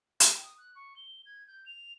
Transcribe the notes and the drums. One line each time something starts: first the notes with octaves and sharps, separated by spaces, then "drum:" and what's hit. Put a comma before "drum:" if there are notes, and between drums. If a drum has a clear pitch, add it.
G5, drum: hi-hat
D#6
F#6
C#6
G7
G#6
G6
F7